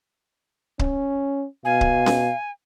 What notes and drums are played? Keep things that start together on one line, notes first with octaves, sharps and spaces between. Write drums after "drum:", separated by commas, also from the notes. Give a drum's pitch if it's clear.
C#4, drum: kick C#1
B2 F5 G#5
drum: kick C#1
drum: snare C#4